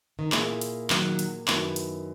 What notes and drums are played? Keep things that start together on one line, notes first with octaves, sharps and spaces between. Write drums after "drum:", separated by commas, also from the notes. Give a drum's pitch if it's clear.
D#3
A#2 E3 A#3 E4 G#4, drum: clap
drum: hi-hat
D#3 F#3, drum: clap
drum: hi-hat
F#2 D#3 F#3 B3 E4, drum: clap
drum: hi-hat